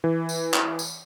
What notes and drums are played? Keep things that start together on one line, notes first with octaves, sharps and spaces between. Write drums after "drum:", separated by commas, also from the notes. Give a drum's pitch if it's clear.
E3
drum: tambourine
drum: clap
drum: tambourine